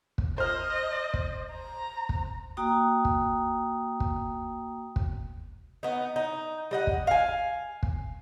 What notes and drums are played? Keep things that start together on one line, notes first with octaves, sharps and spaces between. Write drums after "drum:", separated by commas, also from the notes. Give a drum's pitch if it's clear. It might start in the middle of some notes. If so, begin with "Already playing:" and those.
drum: kick
C5 D#5 F6
drum: kick
A#5
drum: kick
A#3 F#4 G5 A#5 D#6
drum: kick
drum: kick
drum: kick
B3 D#4
D#4
G3 D#5 F#5
drum: kick
F5 G#5
drum: kick